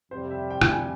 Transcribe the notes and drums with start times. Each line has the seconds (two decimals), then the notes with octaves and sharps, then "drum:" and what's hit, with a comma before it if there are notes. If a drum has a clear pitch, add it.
0.11 F2 C3 G3 C5
0.31 E5
0.50 G5
0.61 G5, drum: rim click
0.70 G#5